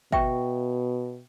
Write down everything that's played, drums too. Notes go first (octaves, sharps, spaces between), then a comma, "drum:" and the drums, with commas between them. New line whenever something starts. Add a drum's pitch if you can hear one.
B2 E5 G5 C#6, drum: kick G1